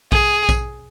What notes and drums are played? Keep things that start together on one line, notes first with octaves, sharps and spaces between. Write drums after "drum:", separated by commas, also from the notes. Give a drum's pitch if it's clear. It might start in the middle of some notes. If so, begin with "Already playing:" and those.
G#4, drum: kick A#1
drum: kick A#1, tambourine